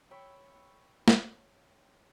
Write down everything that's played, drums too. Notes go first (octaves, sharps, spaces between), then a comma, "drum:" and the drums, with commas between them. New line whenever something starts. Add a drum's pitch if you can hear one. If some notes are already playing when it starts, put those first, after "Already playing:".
C#5 G5 B5 E6
drum: snare